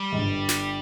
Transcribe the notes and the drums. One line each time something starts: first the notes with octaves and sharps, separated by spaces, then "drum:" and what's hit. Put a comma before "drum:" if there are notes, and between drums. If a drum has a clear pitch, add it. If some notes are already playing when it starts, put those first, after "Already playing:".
Already playing: G3
G#2
G1 G2
drum: snare